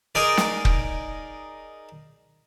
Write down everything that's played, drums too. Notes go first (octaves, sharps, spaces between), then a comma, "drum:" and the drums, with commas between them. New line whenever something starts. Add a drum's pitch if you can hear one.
D#4 G#4 A#4 D5
drum: snare
drum: kick